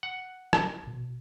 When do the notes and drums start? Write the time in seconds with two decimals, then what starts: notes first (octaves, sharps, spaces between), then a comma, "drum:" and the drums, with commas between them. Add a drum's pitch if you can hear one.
0.03 F#5
0.53 drum: rim click
0.83 G#1 B2